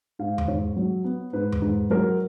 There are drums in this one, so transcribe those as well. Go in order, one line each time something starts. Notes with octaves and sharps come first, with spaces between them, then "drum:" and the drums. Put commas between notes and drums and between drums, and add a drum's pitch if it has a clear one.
G#2 F5
drum: tom E2
G#2 C#5
F#3
B3
G#2 B4
drum: tom E2
G#2
F#3 A#4